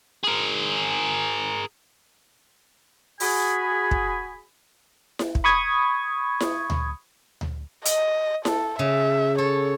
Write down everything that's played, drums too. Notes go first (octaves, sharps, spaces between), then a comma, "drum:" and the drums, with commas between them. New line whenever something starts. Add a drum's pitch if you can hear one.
G#4 A#4
F#4 G#4 G#5 B5, drum: open hi-hat
drum: kick
drum: snare E4
drum: kick
B5 C#6 D#6 G#6
drum: snare E4
drum: tom D2
drum: tom D2
D#5, drum: hi-hat
A4, drum: snare E4
C#3 E5
A4 C#5